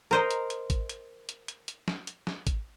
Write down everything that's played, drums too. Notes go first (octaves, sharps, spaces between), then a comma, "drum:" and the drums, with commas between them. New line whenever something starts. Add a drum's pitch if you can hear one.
A#4 C5 D#5
drum: hi-hat
drum: hi-hat
drum: kick A1, hi-hat
drum: hi-hat
drum: hi-hat
drum: hi-hat
drum: hi-hat
drum: snare
drum: hi-hat
drum: snare
drum: kick A1, hi-hat